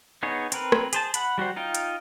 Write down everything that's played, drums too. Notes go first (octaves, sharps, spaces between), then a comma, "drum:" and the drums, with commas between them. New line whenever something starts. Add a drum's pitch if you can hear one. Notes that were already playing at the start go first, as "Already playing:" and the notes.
B3 D#4 G#4 C#5
C4 A#4 B4, drum: hi-hat
drum: rim click
G#4 C5 A5, drum: hi-hat
F#5 B5, drum: hi-hat
G3 F#4 G4 C5
D#4 F4 G5
drum: hi-hat